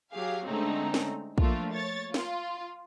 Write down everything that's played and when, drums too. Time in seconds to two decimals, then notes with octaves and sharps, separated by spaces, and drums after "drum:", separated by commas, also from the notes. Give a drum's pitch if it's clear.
0.12 F#3 G4 G#4 F5
0.46 D3 G#3 A3 C4 C#4 D#4
0.94 drum: snare
1.38 F3 A3 A#3 D4 F4, drum: kick
1.72 C#5 A6
2.14 F4, drum: snare